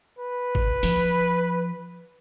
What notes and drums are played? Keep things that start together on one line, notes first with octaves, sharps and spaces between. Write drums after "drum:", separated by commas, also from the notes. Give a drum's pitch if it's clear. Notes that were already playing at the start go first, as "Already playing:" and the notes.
B4
drum: kick G1
F3, drum: open hi-hat